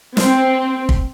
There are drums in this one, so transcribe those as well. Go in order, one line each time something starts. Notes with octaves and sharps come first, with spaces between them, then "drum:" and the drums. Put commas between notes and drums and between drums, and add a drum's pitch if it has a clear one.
C4, drum: snare
drum: kick